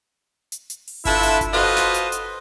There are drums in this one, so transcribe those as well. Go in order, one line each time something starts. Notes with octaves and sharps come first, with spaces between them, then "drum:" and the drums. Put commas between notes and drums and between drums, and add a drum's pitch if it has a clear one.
drum: hi-hat
drum: hi-hat
drum: open hi-hat
D4 E4 F4 A4 B4 E5, drum: kick G1, open hi-hat
drum: hi-hat
drum: kick G1, hi-hat
F4 F#4 A4 B4 C5 D#5
drum: snare
drum: hi-hat
drum: hi-hat